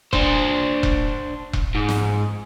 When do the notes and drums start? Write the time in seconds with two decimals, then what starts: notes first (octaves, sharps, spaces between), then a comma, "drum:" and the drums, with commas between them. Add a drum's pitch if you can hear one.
0.13 D4 C5, drum: kick E1
0.83 drum: kick E1
1.53 drum: kick E1
1.75 G#2
1.89 drum: snare